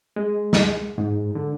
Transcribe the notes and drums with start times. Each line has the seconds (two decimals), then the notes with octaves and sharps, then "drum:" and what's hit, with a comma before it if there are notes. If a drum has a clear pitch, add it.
0.16 G#3
0.53 drum: snare
0.98 G#2
1.35 D3